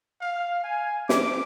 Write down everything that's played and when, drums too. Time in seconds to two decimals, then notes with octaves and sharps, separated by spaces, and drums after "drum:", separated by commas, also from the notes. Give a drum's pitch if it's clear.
0.21 F5
0.64 G#5
1.09 D6, drum: snare